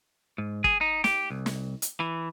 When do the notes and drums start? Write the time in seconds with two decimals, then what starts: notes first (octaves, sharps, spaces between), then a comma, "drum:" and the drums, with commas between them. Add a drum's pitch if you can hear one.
0.38 G#2
0.64 G#4, drum: kick
0.81 D#4
1.04 G4, drum: snare
1.30 C2
1.46 drum: snare
1.82 drum: hi-hat
2.00 E3